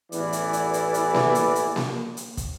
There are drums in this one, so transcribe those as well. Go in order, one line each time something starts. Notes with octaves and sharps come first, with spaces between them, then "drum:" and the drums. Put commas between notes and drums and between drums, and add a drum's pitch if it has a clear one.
A1 E2 E3 D5, drum: hi-hat
drum: hi-hat
drum: hi-hat
drum: hi-hat
drum: hi-hat
drum: snare A#3
drum: hi-hat
drum: hi-hat
drum: snare A#3
drum: hi-hat
drum: kick, hi-hat